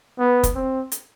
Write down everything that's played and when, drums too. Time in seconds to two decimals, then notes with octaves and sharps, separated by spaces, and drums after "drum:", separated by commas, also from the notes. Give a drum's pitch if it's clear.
0.19 B3
0.43 drum: kick, hi-hat
0.55 C4
0.92 drum: hi-hat